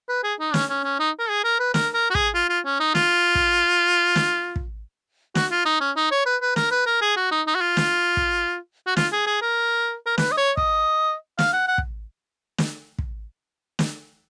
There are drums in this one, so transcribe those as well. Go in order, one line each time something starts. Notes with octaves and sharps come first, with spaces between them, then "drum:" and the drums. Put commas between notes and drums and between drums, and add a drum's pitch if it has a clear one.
B4
G#4
D#4
C#4, drum: snare
C#4
C#4
D#4
A#4
G#4
A#4
B4
A#4, drum: snare
A#4
F#4
G#4, drum: kick
F4
F4
C#4
D#4
F4, drum: snare
drum: kick
drum: snare
drum: kick
F#4, drum: snare
F4
D#4
C#4
D#4
C#5
B4
B4
A#4, drum: snare
B4
A#4
G#4
F#4
D#4
D#4
F#4
F4
drum: snare
drum: kick
F#4
F4, drum: snare
G#4
G#4
A#4
A#4
B4, drum: snare
D#5
C#5
D#5, drum: kick
F5, drum: snare
F#5
F#5
drum: kick
drum: snare
drum: kick
drum: snare